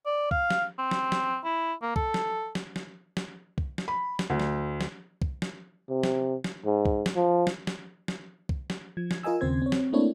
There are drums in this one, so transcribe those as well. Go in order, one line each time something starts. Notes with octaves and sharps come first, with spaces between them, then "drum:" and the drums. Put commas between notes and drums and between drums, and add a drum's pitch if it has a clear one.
D5
F5, drum: kick
drum: snare
C4
drum: snare
drum: snare
E4
A#3
A4, drum: kick
drum: snare
drum: snare
drum: snare
drum: snare
drum: kick
drum: snare
B5
drum: snare
D2
drum: snare
drum: snare
drum: kick
drum: snare
C3
drum: snare
drum: snare
G#2
drum: kick
drum: snare
F3
drum: snare
drum: snare
drum: snare
drum: kick
drum: snare
F3 G#6
drum: snare
F4 A#4 D#5 G#5 E6
D#2 C#3 C4 C5 G#6
C4 C#5
drum: snare
A3 A#3 C4 D4 E4 C#5